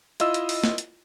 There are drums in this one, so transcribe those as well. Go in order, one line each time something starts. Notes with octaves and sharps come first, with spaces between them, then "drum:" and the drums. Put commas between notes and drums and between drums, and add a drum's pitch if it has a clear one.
E4 F4 D#5 E6, drum: hi-hat
drum: hi-hat
drum: open hi-hat
drum: snare
drum: hi-hat